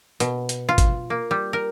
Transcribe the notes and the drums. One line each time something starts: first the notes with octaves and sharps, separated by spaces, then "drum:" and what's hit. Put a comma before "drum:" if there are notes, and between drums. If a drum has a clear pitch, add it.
B2, drum: hi-hat
drum: hi-hat
F4
drum: kick, hi-hat
A#3
G3
A#4